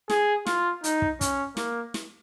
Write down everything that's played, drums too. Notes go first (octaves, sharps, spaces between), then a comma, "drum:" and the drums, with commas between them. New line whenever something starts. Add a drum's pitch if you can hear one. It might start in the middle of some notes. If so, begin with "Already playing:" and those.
G#4, drum: snare
F4, drum: snare
D#4, drum: hi-hat
drum: kick
C#4, drum: kick, hi-hat
A#3, drum: snare
drum: snare